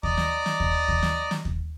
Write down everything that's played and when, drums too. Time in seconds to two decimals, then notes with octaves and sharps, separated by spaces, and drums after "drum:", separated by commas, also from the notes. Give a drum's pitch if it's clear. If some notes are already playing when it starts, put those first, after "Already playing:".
0.03 D5 D#5 A#5 D6, drum: kick D#2
0.17 drum: snare
0.46 drum: snare
0.60 drum: kick D#2
0.88 drum: kick D#2
1.03 drum: snare
1.31 drum: snare
1.45 drum: kick D#2